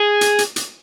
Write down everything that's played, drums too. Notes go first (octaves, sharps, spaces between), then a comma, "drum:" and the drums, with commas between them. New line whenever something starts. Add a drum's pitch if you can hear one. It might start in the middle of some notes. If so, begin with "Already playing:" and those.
Already playing: G#4
drum: hi-hat
drum: hi-hat
drum: hi-hat